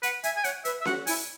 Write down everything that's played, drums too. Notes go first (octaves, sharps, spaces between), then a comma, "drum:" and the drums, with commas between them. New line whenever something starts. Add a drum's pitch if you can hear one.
B4 F#5, drum: hi-hat
E5 G#5, drum: hi-hat
G#5
C#5 F#5, drum: hi-hat
B4 E5, drum: hi-hat
E5
F#4 F#5, drum: snare C#4
E4 G#5, drum: open hi-hat